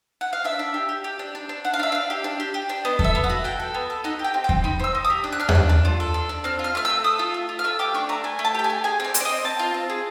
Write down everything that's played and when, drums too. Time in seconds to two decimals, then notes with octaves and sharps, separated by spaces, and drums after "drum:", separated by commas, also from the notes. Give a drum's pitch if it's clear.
0.21 F#5
0.33 F5
0.44 D4 E5
0.59 D4
0.74 G4
0.89 G4
1.04 G4
1.19 D4
1.35 D4
1.49 D4
1.64 D4 F#5
1.74 F5
1.79 D4 E5
1.92 D4 F5
2.10 G4
2.24 D4
2.40 G4
2.54 G4
2.69 D4
2.85 B3 D#5
2.99 A4, drum: kick E2
3.04 E5
3.15 B3
3.24 F#5
3.30 F#4
3.44 F#4 G5
3.60 A4
3.74 B3
3.90 A4
4.04 D#4 F#5
4.19 G4
4.24 G5
4.34 C4
4.44 G5
4.49 C4, drum: kick E2
4.64 D#4 B5
4.80 C4 E6
4.95 D#4
5.05 D#6
5.10 G4
5.24 D4
5.32 F#6
5.40 D4 F6
5.49 F#6, drum: tom E2
5.55 D4
5.69 D4
5.85 F4
6.00 A4
6.14 D4
6.29 D4
6.44 C4 F6
6.59 F4
6.64 F6
6.75 A3 F6
6.85 E6
6.89 A3
7.04 A4 D#6
7.19 F4
7.34 A3
7.49 F4
7.59 F6
7.64 A3 E6
7.79 G4 D6
7.94 D4 C#6
8.09 A3 A#5
8.24 A3 G#5
8.39 A3
8.45 A5
8.55 G4 G5
8.64 G#5
8.70 G4
8.84 G#4 G#5
9.00 C4 D5
9.14 C4, drum: hi-hat
9.20 D5
9.25 D#5
9.29 C4
9.44 C4 A5
9.59 F4
9.74 C4
9.90 G#4